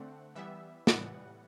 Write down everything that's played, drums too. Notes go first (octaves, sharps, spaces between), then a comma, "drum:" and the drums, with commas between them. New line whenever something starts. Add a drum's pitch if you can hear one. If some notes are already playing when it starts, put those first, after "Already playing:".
Already playing: D3 A3 C4 F#5
E3 G3 B3 E5
A2 E3 G3 B3 F#5, drum: snare